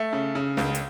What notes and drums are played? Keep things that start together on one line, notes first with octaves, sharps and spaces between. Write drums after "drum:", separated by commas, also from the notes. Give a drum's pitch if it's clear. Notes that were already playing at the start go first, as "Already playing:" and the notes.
Already playing: A3
C#3
C#3
C#2, drum: snare
drum: hi-hat